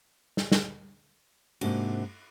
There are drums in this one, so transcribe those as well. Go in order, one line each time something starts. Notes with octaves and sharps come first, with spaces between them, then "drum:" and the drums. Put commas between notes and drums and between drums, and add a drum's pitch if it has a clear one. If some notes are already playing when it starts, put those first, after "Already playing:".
drum: snare
drum: snare
G#2 C3 A#3 D4 F#4, drum: cymbal